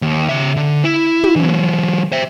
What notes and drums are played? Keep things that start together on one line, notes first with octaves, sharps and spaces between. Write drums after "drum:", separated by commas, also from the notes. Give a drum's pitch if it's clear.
D#2
C#3 E5
D3
E4
drum: tom
E3 F#3
C5 E5